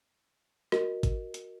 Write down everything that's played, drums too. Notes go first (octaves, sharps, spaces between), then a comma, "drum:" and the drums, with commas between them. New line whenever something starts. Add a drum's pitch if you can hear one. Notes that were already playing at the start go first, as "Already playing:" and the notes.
F#4 A#4 D#5, drum: rim click
drum: kick G#1, hi-hat
drum: hi-hat